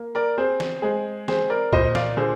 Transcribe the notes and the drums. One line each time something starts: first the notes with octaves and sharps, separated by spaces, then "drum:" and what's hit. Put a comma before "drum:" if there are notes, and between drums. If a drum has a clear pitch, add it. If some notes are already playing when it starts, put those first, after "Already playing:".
Already playing: A#3
A#4 D5
C4 G#4 C5
drum: snare
G#3 G#4 C5
C4 G#4 C5, drum: snare
A#4 D5
A#2 C5 D#5, drum: kick C2
D5 F5, drum: snare
D3 G#4 C5